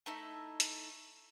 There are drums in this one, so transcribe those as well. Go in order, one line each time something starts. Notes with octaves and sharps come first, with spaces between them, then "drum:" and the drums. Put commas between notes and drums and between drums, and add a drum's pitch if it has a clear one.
A3 D#4 E4
drum: hi-hat